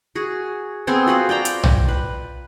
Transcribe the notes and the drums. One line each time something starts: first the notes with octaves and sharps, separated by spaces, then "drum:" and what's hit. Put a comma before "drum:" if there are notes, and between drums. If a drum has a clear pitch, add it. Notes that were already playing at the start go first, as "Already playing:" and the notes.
F#4 G#4
B3 C4 G#4 A4
F4 F#4 B4 C5
C5 D5 G5 A#5
drum: hi-hat
drum: tom B1
B4